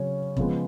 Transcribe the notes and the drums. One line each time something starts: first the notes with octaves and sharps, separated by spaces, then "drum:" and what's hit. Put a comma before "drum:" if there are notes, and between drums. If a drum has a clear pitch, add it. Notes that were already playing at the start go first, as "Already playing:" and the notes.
Already playing: C#3 F#3 C#4 C#5
C#3 F3 G#3 B3, drum: kick E1